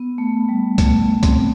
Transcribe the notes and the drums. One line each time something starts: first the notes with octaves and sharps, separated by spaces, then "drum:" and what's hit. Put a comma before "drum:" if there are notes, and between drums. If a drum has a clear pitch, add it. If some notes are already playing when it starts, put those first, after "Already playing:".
Already playing: B3
A3
G3
A3, drum: kick, hi-hat
C4, drum: kick, hi-hat